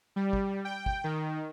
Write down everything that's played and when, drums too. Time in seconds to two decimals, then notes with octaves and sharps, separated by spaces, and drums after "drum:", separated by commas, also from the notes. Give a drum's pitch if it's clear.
0.16 G3
0.33 drum: kick
0.65 G5
0.86 drum: kick
1.04 D#3